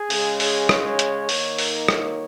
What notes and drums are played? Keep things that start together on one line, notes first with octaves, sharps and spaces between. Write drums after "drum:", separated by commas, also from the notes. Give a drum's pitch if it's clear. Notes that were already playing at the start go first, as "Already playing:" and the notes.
Already playing: G#4
C#3 G#3 C#4, drum: open hi-hat
G#4, drum: open hi-hat
C#5, drum: rim click
drum: hi-hat
D#3 A#3 D#4, drum: open hi-hat
drum: open hi-hat
C#5, drum: rim click